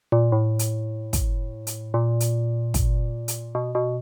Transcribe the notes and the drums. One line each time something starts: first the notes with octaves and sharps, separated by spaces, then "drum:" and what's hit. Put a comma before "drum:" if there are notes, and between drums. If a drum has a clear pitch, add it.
A#2
A2
drum: hi-hat
drum: kick, hi-hat
drum: hi-hat
A#2
drum: hi-hat
drum: kick, hi-hat
drum: hi-hat
B2
B2